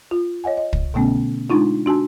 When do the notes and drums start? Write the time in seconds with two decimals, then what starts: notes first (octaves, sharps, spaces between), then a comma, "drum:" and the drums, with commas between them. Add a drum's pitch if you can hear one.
0.11 F4
0.44 C#5 D#5 F#5 G#5
0.57 D#5
0.73 drum: kick
0.94 B2 D3 A3 B3 C#4
1.50 G#3 D4 D#4 F4
1.86 D4 F#4 G#5 A5